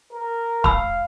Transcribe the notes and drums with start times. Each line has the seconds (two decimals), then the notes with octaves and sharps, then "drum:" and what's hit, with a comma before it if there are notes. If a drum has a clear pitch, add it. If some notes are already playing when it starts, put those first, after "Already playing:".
0.13 A#4
0.64 F5 B5 E6, drum: kick